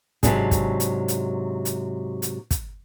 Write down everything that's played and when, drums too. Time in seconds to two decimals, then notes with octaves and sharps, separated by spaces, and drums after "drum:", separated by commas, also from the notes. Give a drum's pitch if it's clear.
0.23 G#2 C3 F3 F#3 D4 G#4, drum: kick, hi-hat
0.51 drum: kick, hi-hat
0.80 drum: hi-hat
1.08 drum: hi-hat
1.65 drum: hi-hat
2.22 drum: hi-hat
2.51 drum: kick, hi-hat